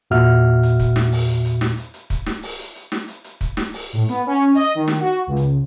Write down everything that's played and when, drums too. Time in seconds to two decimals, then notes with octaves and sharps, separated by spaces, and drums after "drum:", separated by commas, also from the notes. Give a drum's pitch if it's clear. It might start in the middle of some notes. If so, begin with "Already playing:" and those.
0.10 E2 A#2 F#4 E5 F6
0.63 drum: hi-hat
0.79 drum: kick C#1, hi-hat
0.96 drum: snare
1.12 drum: open hi-hat
1.28 drum: hi-hat
1.45 drum: hi-hat
1.61 drum: snare
1.77 drum: hi-hat
1.94 drum: hi-hat
2.10 drum: kick C#1, hi-hat
2.26 drum: snare
2.43 drum: open hi-hat
2.59 drum: hi-hat
2.75 drum: hi-hat
2.92 drum: snare
3.08 drum: hi-hat
3.24 drum: hi-hat
3.41 drum: kick C#1, hi-hat
3.57 drum: snare
3.73 drum: open hi-hat
3.93 A2
4.09 B3, drum: hi-hat
4.27 C#4
4.55 D#5, drum: hi-hat
4.75 D#3
4.88 drum: snare
5.00 F#4
5.27 C#2
5.37 drum: hi-hat